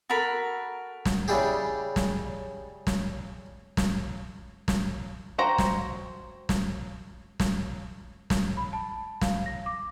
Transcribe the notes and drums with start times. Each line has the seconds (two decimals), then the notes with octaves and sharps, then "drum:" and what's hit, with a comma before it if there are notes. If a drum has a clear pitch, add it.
0.10 F#4 A4 A#4 B5
1.05 drum: snare
1.28 C#3 G3 D4 E4 G4 G#4
1.96 drum: snare
2.87 drum: snare
3.77 drum: snare
4.68 drum: snare
5.38 F#4 C5 G5 A#5
5.58 drum: snare
6.49 drum: snare
7.40 drum: snare
8.30 drum: snare
8.57 B5
8.73 A5
9.21 F5, drum: snare
9.46 A#6
9.66 D6